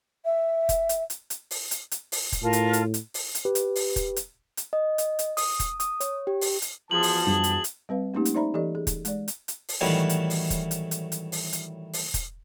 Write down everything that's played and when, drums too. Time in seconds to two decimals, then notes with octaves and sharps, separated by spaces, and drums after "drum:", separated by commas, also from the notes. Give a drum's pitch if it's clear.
0.25 E5
0.69 drum: kick, hi-hat
0.89 drum: hi-hat
1.10 drum: hi-hat
1.30 drum: hi-hat
1.51 drum: open hi-hat
1.71 drum: hi-hat
1.91 drum: hi-hat
2.12 drum: open hi-hat
2.32 drum: kick, hi-hat
2.43 A2 F4 A#4 A5
2.53 drum: hi-hat
2.73 drum: hi-hat
2.94 drum: hi-hat
3.14 drum: open hi-hat
3.35 drum: hi-hat
3.45 G4 B4
3.55 drum: hi-hat
3.76 drum: open hi-hat
3.96 drum: kick, hi-hat
4.16 drum: hi-hat
4.57 drum: hi-hat
4.73 D#5
4.98 drum: hi-hat
5.19 drum: hi-hat
5.37 D#6, drum: open hi-hat
5.60 drum: kick, hi-hat
5.80 D#6, drum: hi-hat
6.00 C#5, drum: hi-hat
6.27 G4
6.41 drum: open hi-hat
6.62 drum: hi-hat
6.91 E2 F3 F#4 G#4 A5 F#7
7.03 drum: open hi-hat
7.27 F#2 G3 D4 G#4
7.44 drum: hi-hat
7.64 drum: hi-hat
7.89 G3 C4 B4 F5
8.14 A3 A#3 C#4 D#4 G4
8.25 drum: hi-hat
8.34 D#4 C5 D5 E5 A#5 B5
8.54 E3 G4 A4 D5 D#5
8.75 G#4
8.87 drum: kick, hi-hat
9.05 G#3 D5, drum: hi-hat
9.28 drum: hi-hat
9.48 drum: hi-hat
9.69 drum: open hi-hat
9.81 A2 D#3 E3 F#3 G3
10.09 drum: hi-hat
10.30 drum: open hi-hat
10.50 drum: kick, hi-hat
10.71 drum: hi-hat
10.91 drum: hi-hat
11.12 drum: hi-hat
11.32 drum: open hi-hat
11.53 drum: hi-hat
11.93 drum: open hi-hat
12.14 drum: kick, hi-hat